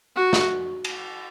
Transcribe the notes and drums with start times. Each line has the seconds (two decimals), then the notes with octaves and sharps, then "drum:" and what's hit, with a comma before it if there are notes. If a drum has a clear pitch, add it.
0.16 F#4
0.33 drum: snare
0.84 drum: cymbal